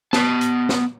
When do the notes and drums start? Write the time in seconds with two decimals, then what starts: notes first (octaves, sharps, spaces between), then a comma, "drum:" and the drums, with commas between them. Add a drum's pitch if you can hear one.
0.13 B3 A5, drum: snare
0.41 drum: hi-hat
0.69 drum: snare